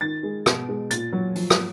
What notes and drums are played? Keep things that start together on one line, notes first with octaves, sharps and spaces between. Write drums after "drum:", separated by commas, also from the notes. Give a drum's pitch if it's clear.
D#3 A6
G#3
B2, drum: rim click
G#3
A#2 A6, drum: hi-hat
F#3
F3, drum: open hi-hat
drum: rim click